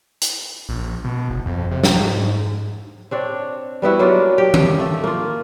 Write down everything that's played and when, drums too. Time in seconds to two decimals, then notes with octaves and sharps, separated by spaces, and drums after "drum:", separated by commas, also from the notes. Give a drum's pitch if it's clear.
0.21 drum: hi-hat
0.69 A#1
1.04 B2
1.30 F#1
1.46 F2
1.71 C3
1.84 F2, drum: snare
2.00 G#2
3.11 C4 D4 C#5
3.82 G3 B3 E4 F#4
3.99 F#3 A#3 D4 F4
4.38 G4
4.54 drum: tom D#3
4.80 A3
5.04 A#3 F4